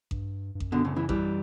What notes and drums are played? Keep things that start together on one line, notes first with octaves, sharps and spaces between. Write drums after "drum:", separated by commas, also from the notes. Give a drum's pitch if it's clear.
G2, drum: kick A1
G2
F#2, drum: kick A1
B2 D3
A2 C#3
C#3 E3
E3 G3, drum: kick A1